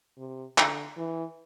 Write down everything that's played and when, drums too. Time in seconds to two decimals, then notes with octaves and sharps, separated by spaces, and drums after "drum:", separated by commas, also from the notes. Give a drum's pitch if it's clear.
0.18 C3
0.58 D3, drum: clap
0.97 E3